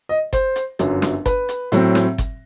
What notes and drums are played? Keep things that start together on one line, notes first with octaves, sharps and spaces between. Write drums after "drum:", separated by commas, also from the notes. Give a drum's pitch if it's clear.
D#5
C5, drum: kick G1, hi-hat
drum: hi-hat
G1 F#2 F#3, drum: hi-hat
drum: snare
B4, drum: kick G1, hi-hat
drum: hi-hat
A2 F#3 C4, drum: hi-hat
drum: snare
drum: kick G1, hi-hat